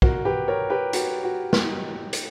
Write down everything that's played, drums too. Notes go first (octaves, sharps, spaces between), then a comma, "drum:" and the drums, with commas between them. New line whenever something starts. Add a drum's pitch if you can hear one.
F#4 A#4, drum: kick
G4 B4
A#4 C#5
G4 B4
F#4, drum: hi-hat
F#4
drum: snare
drum: hi-hat